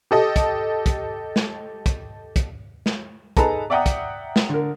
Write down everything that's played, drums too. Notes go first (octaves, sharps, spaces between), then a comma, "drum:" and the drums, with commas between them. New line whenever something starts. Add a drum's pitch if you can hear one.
G4 A4 D#5
drum: kick, hi-hat
drum: kick, hi-hat
drum: snare
drum: kick, hi-hat
drum: kick, hi-hat
drum: snare
D#4 G#4 A4 B4 A5 A#5, drum: kick, hi-hat
D5 E5 F#5 G5 A#5 D#6
drum: kick, hi-hat
drum: snare
D3 A#4